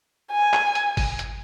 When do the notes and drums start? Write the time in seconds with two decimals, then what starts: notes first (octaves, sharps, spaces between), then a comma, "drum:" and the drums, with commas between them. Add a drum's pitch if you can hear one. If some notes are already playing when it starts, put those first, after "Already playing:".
0.32 G#5
0.53 drum: clap
0.75 drum: hi-hat
0.97 drum: kick G1, open hi-hat
1.19 drum: hi-hat